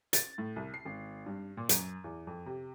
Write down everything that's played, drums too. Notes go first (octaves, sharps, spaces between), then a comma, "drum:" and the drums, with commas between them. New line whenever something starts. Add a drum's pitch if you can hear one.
A6, drum: hi-hat
A2
C2
C7
G#1
G2
A#2
F#2, drum: hi-hat
E2
F2
C3